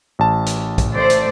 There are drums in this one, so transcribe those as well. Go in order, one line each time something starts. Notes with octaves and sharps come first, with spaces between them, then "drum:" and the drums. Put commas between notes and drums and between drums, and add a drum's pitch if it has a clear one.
A1 A5
drum: hi-hat
drum: kick A#1, hi-hat
A3 C5 D5
drum: hi-hat